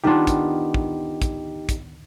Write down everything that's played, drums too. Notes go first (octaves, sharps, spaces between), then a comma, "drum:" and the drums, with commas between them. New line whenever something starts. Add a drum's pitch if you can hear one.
D#3 B3 D4 D#4 F4 G4
drum: kick, hi-hat
drum: kick
drum: kick, hi-hat
drum: kick, hi-hat